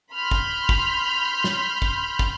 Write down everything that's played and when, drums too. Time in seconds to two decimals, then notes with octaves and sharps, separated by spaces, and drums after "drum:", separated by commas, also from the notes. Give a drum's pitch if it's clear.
0.13 B5 C6 F6 G6
0.31 drum: kick
0.69 drum: kick
1.44 drum: snare
1.82 drum: kick
2.19 drum: kick